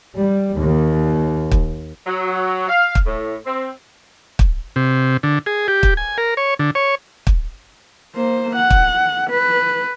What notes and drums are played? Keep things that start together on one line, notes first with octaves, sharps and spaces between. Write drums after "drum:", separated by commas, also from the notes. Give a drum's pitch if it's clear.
G3
D#2
drum: kick
F#3
F5
drum: kick
A2
C4
drum: kick
C3
D3
G#4
G4
drum: kick
G#5
A#4
C#5
D3
C#5
drum: kick
A#3 C5
F#5
drum: kick
B4